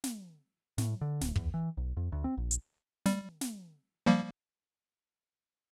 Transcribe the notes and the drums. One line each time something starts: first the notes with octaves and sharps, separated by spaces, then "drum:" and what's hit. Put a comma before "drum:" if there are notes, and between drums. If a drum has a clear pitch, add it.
drum: snare
A2, drum: snare
D3
D1, drum: snare
E2, drum: kick
E3
B1
F2
D2
C4
A#1
drum: hi-hat
G3, drum: snare
drum: snare
F3 G3 A#3